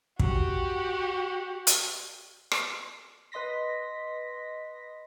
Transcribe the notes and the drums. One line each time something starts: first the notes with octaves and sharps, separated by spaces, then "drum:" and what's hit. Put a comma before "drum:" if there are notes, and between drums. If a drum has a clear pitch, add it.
F#4 G4, drum: kick
drum: hi-hat
drum: rim click
B4 D#5 C6 A#6 B6